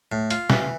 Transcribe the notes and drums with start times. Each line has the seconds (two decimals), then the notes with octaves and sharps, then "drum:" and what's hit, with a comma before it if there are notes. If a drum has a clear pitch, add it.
0.12 A2
0.31 F4, drum: hi-hat
0.50 E3, drum: snare